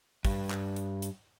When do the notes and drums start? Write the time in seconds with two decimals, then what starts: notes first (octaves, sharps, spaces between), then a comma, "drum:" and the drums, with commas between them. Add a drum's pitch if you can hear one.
0.25 G2, drum: kick, open hi-hat
0.50 drum: clap
0.76 drum: hi-hat
1.02 drum: hi-hat